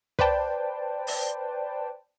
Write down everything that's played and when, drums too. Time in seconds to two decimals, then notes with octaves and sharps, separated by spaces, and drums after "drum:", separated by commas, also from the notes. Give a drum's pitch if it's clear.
0.19 B4 C5 D5 G5 A5, drum: kick
1.07 drum: open hi-hat